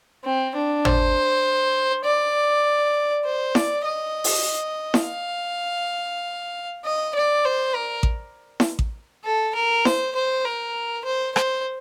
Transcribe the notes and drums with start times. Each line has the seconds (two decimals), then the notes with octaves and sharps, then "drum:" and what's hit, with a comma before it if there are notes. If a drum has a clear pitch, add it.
0.25 C4
0.55 D4
0.85 C5, drum: tom
2.05 D5
3.25 C5
3.55 D5, drum: snare E4
3.85 D#5
4.24 drum: open hi-hat
4.94 drum: snare E4
5.05 F5
6.85 D#5
7.15 D5
7.45 C5
7.75 A#4
8.03 drum: kick A1
8.60 drum: snare E4
8.79 drum: kick A1
9.25 A4
9.55 A#4
9.85 C5, drum: snare E4
10.16 C5
10.45 A#4
11.05 C5
11.36 C5, drum: rim click